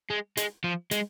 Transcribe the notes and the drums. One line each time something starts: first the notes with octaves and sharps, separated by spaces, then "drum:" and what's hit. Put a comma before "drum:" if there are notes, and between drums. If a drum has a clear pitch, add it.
G#3
G#3, drum: hi-hat
F3
G#3, drum: hi-hat